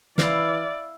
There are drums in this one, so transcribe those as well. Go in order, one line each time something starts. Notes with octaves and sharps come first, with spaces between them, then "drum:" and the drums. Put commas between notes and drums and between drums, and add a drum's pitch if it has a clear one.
E3 E4 D5 F5, drum: snare